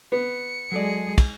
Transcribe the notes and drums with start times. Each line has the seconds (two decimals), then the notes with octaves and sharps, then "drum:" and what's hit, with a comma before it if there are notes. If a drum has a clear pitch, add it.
0.12 B3 C#7
0.72 F#3 G#3 G#4 A4 D5
1.18 drum: kick, cymbal